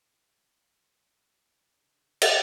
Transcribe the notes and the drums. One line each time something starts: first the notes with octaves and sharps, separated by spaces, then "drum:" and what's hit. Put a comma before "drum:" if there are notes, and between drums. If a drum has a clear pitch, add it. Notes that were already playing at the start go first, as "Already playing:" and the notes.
C#3 D4
drum: cymbal